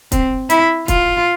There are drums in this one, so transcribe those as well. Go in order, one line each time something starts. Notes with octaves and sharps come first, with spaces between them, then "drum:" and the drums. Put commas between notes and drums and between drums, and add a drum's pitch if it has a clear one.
C4, drum: kick, hi-hat
E4, drum: hi-hat
F4, drum: kick, hi-hat